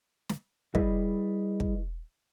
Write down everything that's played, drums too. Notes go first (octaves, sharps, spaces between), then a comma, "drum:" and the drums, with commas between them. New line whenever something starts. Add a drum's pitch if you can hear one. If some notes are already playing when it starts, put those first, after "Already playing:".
drum: snare
G3 E4 G#4 B4 D5 D#5, drum: kick
drum: kick